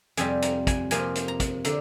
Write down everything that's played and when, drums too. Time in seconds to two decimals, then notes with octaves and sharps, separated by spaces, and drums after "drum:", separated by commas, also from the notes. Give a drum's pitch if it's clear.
0.17 F2 C3 G3 G#5, drum: hi-hat
0.42 A#5, drum: hi-hat
0.67 G#5, drum: kick, hi-hat
0.91 C3 F3 A#3 G#5, drum: hi-hat
1.15 drum: hi-hat
1.28 A#5
1.40 drum: kick, hi-hat
1.65 D3 A#5, drum: hi-hat